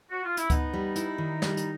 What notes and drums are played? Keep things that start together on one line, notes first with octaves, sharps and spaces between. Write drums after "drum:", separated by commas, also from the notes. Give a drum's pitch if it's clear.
F#4
F4
E4, drum: hi-hat
B3 D#4, drum: kick D2, hi-hat
G3
E4, drum: hi-hat
D#3
G3, drum: snare
drum: hi-hat